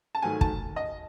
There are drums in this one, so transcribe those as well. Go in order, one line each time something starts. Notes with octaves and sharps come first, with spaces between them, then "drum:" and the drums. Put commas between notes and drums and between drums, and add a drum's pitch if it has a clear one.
A5
G#2 D#3 F#3 A3 G#5
A5, drum: kick
D#5